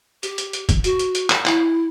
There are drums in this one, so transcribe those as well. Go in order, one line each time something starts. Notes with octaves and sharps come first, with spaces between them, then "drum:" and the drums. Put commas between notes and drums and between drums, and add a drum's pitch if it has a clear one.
G4, drum: hi-hat
drum: hi-hat
drum: hi-hat
drum: kick, hi-hat
F#4, drum: hi-hat
drum: hi-hat
drum: hi-hat
drum: clap
E4, drum: clap